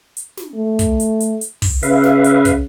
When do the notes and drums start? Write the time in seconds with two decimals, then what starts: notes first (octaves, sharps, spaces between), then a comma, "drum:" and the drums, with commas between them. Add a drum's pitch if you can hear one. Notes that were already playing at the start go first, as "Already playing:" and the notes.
0.17 drum: hi-hat
0.37 drum: snare
0.55 A3
0.79 drum: kick, hi-hat
1.00 drum: hi-hat
1.20 drum: hi-hat
1.41 drum: hi-hat
1.62 drum: kick, open hi-hat
1.83 C#3 B4 E5 F5, drum: hi-hat
2.04 drum: snare
2.24 drum: hi-hat
2.45 drum: kick, hi-hat